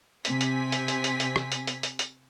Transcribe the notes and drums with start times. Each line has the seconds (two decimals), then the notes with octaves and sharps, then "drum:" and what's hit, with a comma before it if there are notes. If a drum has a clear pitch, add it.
0.25 C3 C4 G#5 B6, drum: hi-hat
0.41 drum: hi-hat
0.72 drum: hi-hat
0.88 drum: hi-hat
1.04 drum: hi-hat
1.20 drum: hi-hat
1.36 drum: rim click
1.52 drum: hi-hat
1.67 drum: hi-hat
1.83 drum: hi-hat
1.99 drum: hi-hat